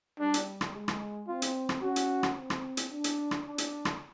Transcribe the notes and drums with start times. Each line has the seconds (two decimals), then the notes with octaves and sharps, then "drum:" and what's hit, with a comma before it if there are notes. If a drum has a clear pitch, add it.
0.20 G3 D4
0.34 drum: hi-hat
0.61 drum: rim click
0.75 G#3
0.88 drum: rim click
1.28 C4 F4
1.42 drum: hi-hat
1.69 drum: rim click
1.82 C#4 F#4
1.96 drum: hi-hat
2.23 drum: rim click
2.36 C4
2.50 drum: rim click
2.77 drum: hi-hat
2.91 D4
3.04 drum: hi-hat
3.31 drum: rim click
3.45 D4
3.58 drum: hi-hat
3.85 drum: rim click